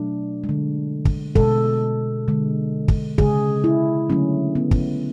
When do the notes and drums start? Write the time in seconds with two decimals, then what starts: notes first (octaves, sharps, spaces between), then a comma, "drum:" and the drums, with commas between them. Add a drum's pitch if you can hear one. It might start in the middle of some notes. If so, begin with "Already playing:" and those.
Already playing: B2 F#3 A3 D4
0.44 G#3
0.49 D3
1.05 drum: kick
1.35 B2 G#3 A4, drum: kick
2.28 D3 G#3
2.88 drum: kick
3.18 C#3 G#3 G#4, drum: kick
3.64 E4
4.10 D3 F#3 A3 C#4
4.55 B3
4.71 drum: kick